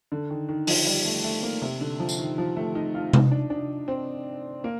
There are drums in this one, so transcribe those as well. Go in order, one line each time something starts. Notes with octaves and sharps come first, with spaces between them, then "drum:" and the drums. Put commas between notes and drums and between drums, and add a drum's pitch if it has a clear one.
D3
D#3
D#3
F3, drum: open hi-hat
G3
A3
A3
A#3
C3
D3
F3
drum: tambourine
D#3
F3
A3
D#4
F4
D#4, drum: tom C3
D4
D4
C4
A#3